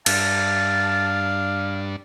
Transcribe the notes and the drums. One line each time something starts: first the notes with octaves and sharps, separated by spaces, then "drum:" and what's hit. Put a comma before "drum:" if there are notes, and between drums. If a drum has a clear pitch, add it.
G2 D4 F5 A5, drum: cymbal